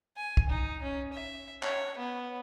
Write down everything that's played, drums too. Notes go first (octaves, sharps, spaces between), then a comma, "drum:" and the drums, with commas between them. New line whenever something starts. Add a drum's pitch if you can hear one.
G#5
drum: kick
D#4
C#4
E5
C#5, drum: clap
B3